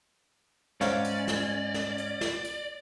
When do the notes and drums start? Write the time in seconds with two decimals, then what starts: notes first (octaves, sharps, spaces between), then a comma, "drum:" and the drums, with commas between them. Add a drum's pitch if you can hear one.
0.81 G#2 C#4 C#5 D5 F5, drum: snare
1.04 drum: hi-hat
1.28 drum: snare
1.74 drum: snare
1.98 drum: hi-hat
2.21 drum: snare
2.44 drum: hi-hat